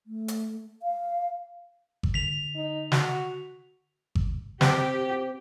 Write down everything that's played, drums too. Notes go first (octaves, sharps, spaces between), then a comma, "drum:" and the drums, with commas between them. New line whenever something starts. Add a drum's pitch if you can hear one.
A3
drum: hi-hat
F5
drum: kick G#1
D3 B6 F7
D#4
F#4, drum: snare
drum: kick G#1
C4 G4, drum: snare